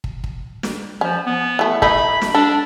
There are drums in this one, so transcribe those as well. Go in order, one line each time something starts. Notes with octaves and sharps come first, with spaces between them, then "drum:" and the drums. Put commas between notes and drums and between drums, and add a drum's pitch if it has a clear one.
drum: kick
drum: kick
drum: snare
F3 C#4
B3
E3 A3
A3 D#4 E4 B5, drum: kick
drum: snare
D4 A4